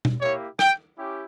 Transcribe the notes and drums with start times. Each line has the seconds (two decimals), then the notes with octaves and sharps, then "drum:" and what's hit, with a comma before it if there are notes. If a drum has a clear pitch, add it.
0.05 drum: tom B2
0.20 A#3 E4 G4 C#5
0.59 G5, drum: rim click
0.97 C#4 E4 G4